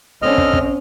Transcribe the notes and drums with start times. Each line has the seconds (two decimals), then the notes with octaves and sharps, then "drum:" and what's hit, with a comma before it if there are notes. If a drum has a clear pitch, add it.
0.22 D3 C4 C#4 D#5 F6
0.38 drum: kick
0.53 drum: kick